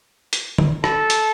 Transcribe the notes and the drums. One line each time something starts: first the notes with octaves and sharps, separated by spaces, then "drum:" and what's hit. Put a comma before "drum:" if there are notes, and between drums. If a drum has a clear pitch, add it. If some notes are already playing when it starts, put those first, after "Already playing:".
drum: hi-hat
drum: tom
A4, drum: rim click
drum: hi-hat